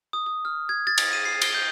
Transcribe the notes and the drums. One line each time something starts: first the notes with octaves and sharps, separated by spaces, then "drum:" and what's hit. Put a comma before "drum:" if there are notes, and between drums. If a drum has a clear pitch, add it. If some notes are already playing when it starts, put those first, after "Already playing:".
D#6
D#6
F6
G#6
A6
drum: cymbal
D#7
C7
G7, drum: cymbal
G6